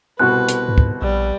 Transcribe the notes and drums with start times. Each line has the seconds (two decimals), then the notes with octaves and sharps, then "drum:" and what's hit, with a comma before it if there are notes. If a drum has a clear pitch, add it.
0.19 C2 B2 F#4 B4 F#6
0.49 drum: hi-hat
0.69 G#2
0.78 drum: kick
1.02 A#1 G3